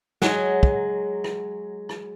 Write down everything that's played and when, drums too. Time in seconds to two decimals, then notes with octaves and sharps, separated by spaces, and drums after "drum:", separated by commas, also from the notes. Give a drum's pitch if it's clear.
0.22 F#3 G#3 F#5, drum: snare
0.63 drum: kick
1.24 drum: rim click
1.89 drum: rim click